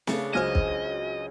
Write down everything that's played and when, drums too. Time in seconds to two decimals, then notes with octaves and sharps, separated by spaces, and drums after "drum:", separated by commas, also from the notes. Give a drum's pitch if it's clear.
0.07 C#3 A3 B3 D4, drum: snare
0.33 C#2 F#3 C5 D#5 G#5 F6 D#7
0.55 drum: kick